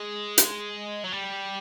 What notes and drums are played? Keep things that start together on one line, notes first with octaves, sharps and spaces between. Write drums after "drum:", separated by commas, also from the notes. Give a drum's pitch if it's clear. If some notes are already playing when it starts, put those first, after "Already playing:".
Already playing: G#3
drum: hi-hat
F#3
G3